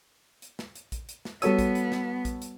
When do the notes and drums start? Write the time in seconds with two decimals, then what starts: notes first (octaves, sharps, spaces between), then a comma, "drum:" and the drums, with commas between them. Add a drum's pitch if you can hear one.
0.42 drum: hi-hat
0.59 drum: snare
0.75 drum: hi-hat
0.92 drum: kick A#1, hi-hat
1.09 drum: hi-hat
1.25 drum: snare
1.42 G3 B3 F#4 A4 C#5 E6 D#7, drum: hi-hat
1.59 drum: kick A#1, hi-hat
1.75 drum: hi-hat
1.92 drum: snare
2.25 drum: kick A#1, hi-hat
2.42 drum: hi-hat